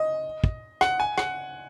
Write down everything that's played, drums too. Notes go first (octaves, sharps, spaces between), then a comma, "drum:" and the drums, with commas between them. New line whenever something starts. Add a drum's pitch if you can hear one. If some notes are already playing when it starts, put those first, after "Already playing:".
Already playing: D#5
drum: kick
F#5, drum: rim click
G#5
F#5, drum: rim click